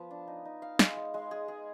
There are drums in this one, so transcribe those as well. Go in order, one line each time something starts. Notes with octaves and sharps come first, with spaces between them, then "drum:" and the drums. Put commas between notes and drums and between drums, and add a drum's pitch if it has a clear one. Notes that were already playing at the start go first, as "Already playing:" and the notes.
Already playing: F3 B3
D4
D#4
D#4
F5
G#3, drum: snare
G#3
G#3
G#4
G#4